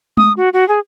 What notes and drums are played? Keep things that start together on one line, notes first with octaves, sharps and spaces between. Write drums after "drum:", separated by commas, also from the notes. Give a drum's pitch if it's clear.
D#6, drum: tom G#3
F#4
F#4
G#4